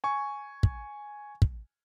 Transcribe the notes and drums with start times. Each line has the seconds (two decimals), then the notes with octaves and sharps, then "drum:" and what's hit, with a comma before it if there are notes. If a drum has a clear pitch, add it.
0.04 G#5 C#6
0.63 drum: kick
1.42 drum: kick